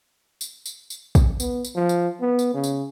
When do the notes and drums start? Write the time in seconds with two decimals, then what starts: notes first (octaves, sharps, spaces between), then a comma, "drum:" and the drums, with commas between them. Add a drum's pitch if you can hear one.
0.41 drum: tambourine
0.66 drum: tambourine
0.90 drum: tambourine
1.15 drum: kick, tambourine
1.40 B3, drum: tambourine
1.65 drum: tambourine
1.75 F3
1.89 drum: tambourine
2.21 B3
2.39 drum: tambourine
2.54 C#3
2.63 drum: tambourine